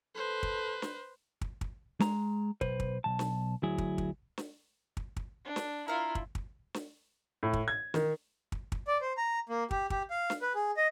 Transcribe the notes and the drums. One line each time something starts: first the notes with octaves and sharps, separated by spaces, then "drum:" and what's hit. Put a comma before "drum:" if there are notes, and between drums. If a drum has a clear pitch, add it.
A4 B4 C5
drum: kick
drum: snare
drum: kick
drum: kick
G#3 A#5, drum: snare
B1 B4 C5, drum: kick
drum: kick
B1 C#3 A5
drum: snare
D2 F#3 E4 G#4
drum: kick
drum: kick
drum: snare
drum: kick
drum: kick
D4
drum: snare
E4 F4 A#4 F5
drum: kick
drum: kick
drum: snare
A2
drum: kick
G#6
D#3, drum: snare
drum: kick
drum: kick
D5
C5
A#5
A#3
G4, drum: kick
G4, drum: kick
F5
drum: snare
B4
G#4
D#5